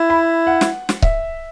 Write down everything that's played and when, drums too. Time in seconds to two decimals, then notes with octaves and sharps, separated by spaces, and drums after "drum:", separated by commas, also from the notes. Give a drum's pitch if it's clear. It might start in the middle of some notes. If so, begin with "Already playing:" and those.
Already playing: E4
0.10 B5
0.47 F#5
0.61 drum: snare
0.89 drum: snare
1.02 E5, drum: kick C#1